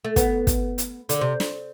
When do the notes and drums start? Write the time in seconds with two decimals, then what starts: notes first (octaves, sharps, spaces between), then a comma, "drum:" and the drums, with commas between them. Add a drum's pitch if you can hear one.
0.05 A3
0.16 B3, drum: kick, hi-hat
0.47 drum: kick, hi-hat
0.78 drum: hi-hat
1.09 D3, drum: hi-hat
1.21 C3
1.40 drum: snare